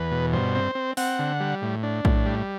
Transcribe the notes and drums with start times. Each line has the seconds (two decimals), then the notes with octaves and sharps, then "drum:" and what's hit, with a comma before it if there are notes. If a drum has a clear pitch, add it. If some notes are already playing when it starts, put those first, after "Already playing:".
Already playing: E2 B4
0.11 B2
0.33 G2 C5
0.55 C4
0.75 C4
0.97 C4 F#5, drum: open hi-hat
1.19 D3
1.40 G3
1.62 A2
1.83 D4
2.05 A2, drum: kick A#1
2.26 G3